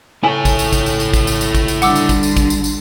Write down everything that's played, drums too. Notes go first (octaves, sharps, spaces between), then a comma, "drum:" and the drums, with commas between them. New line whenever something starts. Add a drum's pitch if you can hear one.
C#3 E4 A4 C#5 G#5
drum: kick, tambourine
drum: tambourine
drum: kick, tambourine
drum: tambourine
drum: tambourine
drum: kick, tambourine
drum: tambourine
drum: tambourine
drum: kick, tambourine
drum: tambourine
D3 G3 F#5 D6 E6, drum: tambourine
drum: tambourine
drum: kick, tambourine
drum: tambourine
drum: kick, tambourine
drum: tambourine
drum: tambourine